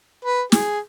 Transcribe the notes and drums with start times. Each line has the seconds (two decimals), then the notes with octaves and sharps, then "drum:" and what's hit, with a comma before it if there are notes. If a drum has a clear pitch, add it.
0.24 B4
0.52 G#4, drum: snare